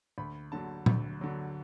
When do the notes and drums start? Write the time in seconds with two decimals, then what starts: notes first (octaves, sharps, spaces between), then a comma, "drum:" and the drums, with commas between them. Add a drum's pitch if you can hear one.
0.18 D2 B5
0.52 D3 F#3 A5
0.86 D2, drum: tom A#2
1.21 D3 F#3